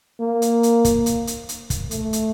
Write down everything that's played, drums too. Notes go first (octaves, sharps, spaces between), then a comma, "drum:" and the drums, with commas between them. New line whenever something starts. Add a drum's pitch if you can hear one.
A#3
drum: hi-hat
drum: hi-hat
drum: kick, hi-hat
drum: hi-hat
drum: hi-hat
drum: hi-hat
drum: kick, hi-hat
A3, drum: hi-hat
drum: hi-hat